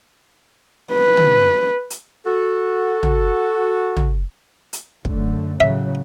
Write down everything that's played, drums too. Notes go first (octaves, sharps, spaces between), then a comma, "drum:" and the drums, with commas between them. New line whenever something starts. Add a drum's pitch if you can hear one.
B4
drum: tom
drum: hi-hat
F#4 A4
drum: tom
drum: tom
drum: hi-hat
F#2 D3 A3, drum: kick
A2 C#3 F#3 E5